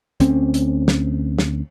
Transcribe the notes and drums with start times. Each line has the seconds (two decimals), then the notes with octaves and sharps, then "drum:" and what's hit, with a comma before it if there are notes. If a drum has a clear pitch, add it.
0.20 D2 C4 C#4, drum: hi-hat
0.54 drum: hi-hat
0.88 drum: snare
1.39 drum: snare